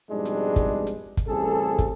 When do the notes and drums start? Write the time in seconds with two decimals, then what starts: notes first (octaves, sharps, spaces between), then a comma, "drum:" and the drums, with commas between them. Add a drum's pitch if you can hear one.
0.10 F2 G#2 B2 G3 G#3 D4
0.25 drum: hi-hat
0.56 drum: kick, hi-hat
0.87 drum: hi-hat
1.17 drum: kick, hi-hat
1.27 A1 C3 G3 G#4 A4
1.79 drum: kick, hi-hat